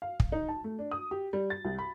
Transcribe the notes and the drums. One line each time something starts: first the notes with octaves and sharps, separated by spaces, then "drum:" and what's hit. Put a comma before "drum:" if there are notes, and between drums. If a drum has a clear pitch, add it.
F5
drum: kick
D#4
A5
A3
D4
D#6
G4
G3
A6
C2
B5